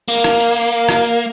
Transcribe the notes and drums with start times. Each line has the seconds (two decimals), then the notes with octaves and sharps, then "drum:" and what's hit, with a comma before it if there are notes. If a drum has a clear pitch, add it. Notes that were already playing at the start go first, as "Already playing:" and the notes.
0.08 A#3
0.24 drum: rim click
0.40 drum: hi-hat
0.56 drum: hi-hat
0.73 drum: hi-hat
0.89 drum: rim click
1.05 drum: hi-hat